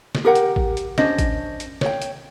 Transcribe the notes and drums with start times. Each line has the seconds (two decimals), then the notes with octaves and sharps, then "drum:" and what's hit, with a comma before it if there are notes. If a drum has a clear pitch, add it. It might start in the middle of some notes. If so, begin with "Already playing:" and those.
0.15 drum: snare
0.25 G4 A#4 F#5 G5
0.35 drum: hi-hat
0.56 drum: kick A1
0.77 drum: hi-hat
0.98 C#4 D4 C5 D#5, drum: snare
1.18 drum: kick A1, hi-hat
1.60 drum: hi-hat
1.81 C#5 G5, drum: snare
2.02 drum: hi-hat